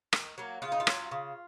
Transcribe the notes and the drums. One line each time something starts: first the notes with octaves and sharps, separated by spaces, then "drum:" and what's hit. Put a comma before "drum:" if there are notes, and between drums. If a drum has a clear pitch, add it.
D#3, drum: rim click
F#3 A#3
C#3 F4
D#4
F4
F#3 C#4, drum: rim click
C#3